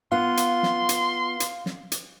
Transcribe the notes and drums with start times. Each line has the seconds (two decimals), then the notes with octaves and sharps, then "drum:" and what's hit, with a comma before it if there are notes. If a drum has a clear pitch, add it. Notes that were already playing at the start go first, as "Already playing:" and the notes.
0.12 B3 F4 F5 C6
0.37 drum: hi-hat
0.63 drum: snare
0.89 drum: hi-hat
1.40 drum: hi-hat
1.66 drum: snare
1.92 drum: hi-hat